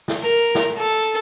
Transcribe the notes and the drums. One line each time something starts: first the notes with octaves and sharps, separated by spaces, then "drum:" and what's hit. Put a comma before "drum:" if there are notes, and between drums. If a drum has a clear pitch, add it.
drum: snare
A#4
drum: snare
A4